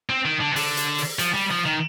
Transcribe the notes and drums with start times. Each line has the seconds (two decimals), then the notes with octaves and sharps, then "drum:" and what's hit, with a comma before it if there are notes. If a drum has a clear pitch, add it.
0.10 C4
0.25 D#3
0.40 D3
0.52 D#3
0.56 D3, drum: open hi-hat
0.77 drum: hi-hat
0.98 drum: open hi-hat
1.19 F3, drum: hi-hat
1.34 G3
1.51 F3
1.65 D#3